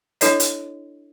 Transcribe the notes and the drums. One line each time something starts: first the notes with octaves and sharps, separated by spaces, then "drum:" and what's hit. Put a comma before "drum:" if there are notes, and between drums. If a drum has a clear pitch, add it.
D4 E4 A4 C#5 D#5, drum: hi-hat
drum: hi-hat